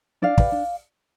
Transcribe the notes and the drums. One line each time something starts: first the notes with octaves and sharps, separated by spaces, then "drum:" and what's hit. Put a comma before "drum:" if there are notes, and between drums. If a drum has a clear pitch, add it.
D4 D5 F5
G4 B4, drum: kick
D4